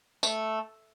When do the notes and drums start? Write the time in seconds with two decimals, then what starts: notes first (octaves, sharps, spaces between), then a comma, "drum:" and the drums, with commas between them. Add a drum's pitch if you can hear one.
0.23 A3, drum: tambourine